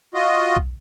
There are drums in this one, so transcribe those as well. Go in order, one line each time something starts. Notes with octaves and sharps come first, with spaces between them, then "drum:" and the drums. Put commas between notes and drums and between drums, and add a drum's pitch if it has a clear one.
F4 F#4 D#5
drum: kick B1